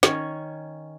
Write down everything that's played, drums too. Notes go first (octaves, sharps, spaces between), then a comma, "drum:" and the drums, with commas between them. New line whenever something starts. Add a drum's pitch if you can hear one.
D#3 C#4 C#5, drum: snare